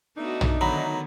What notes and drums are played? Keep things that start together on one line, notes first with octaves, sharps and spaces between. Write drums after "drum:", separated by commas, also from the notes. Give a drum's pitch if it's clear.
A3 B3 D4 D#4 F#4
drum: tom
D3 D#3 F#3 B3 A#5 B5